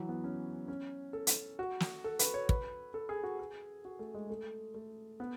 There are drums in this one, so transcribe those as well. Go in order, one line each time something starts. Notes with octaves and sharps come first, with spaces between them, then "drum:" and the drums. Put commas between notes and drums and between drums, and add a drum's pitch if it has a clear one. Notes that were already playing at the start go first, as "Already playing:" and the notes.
Already playing: E3 F#3
B3
C#4
C#4
A4
drum: hi-hat
F#4
drum: snare
A4
B4, drum: hi-hat
C#5
B4, drum: kick
A4
G#4
F#4
G#4
F#4
A3
G#3
A3
A3
B3